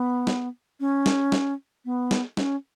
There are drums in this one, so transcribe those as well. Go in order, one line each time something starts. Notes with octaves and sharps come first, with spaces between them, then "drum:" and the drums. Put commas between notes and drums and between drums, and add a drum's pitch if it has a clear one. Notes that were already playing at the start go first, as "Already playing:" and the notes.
Already playing: B3
drum: snare
C#4
drum: snare
drum: snare
B3
drum: snare
C#4, drum: snare